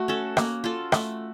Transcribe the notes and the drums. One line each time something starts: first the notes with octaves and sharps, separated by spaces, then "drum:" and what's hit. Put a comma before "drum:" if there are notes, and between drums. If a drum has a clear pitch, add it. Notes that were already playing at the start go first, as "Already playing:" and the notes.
Already playing: A3 F#4
C#4 A4
A#3, drum: rim click
F4 A4
A3, drum: rim click